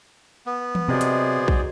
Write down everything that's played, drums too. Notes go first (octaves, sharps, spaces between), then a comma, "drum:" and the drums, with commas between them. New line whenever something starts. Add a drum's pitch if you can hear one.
B3
drum: tom E3
C3 F#3 G#4 C5 D5 D#5
drum: hi-hat
drum: kick A#1